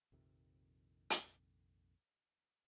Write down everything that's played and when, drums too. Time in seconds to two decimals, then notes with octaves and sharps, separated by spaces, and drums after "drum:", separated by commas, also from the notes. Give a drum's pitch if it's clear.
0.12 A#1 F2 C3 D#3
1.10 drum: hi-hat